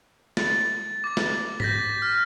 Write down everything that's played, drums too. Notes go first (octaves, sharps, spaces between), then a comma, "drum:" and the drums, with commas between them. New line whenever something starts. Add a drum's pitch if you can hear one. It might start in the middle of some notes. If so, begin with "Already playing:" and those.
A6, drum: snare
D6 A6
drum: snare
G6 A#6 B6, drum: tom G#2
F6